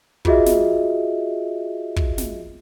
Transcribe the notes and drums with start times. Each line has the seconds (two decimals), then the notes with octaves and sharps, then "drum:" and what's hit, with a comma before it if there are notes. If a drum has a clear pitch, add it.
0.25 F4 F#4 G#4 D#5 E5, drum: kick
0.46 drum: snare
1.96 drum: kick
2.18 drum: snare